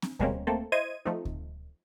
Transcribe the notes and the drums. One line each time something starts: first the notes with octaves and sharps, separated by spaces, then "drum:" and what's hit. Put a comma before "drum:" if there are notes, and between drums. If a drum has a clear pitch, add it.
drum: snare C4
B2 G3 G#3 A#3 C4 C#4, drum: kick D2
A3 A#3 C4 A4
E4 C5 D#5 G#6 D#7
F3 A3 C4 D#4
drum: kick D2